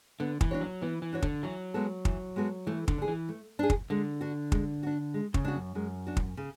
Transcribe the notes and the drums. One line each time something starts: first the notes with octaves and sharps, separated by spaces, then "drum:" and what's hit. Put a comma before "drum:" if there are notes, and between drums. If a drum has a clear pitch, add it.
D3 B3
E3, drum: kick
D4 F#4 C#5
F#3
E3 B3
E3
D4 F#4 C#5
D3, drum: kick
E3 F#3
G#3 B3 F#4 A4
E3, drum: kick
G#3 B3 F#4 A4
E3 A3
D3, drum: kick
D4 G#4
E3
A3
D4 G#4
drum: kick
D3 G#3
D4 F#4
G#3, drum: kick
D4 F#4
G#3
C#3, drum: kick
D4 F#4
F#2
F#2 G#3
D4 F#4
drum: kick
C#3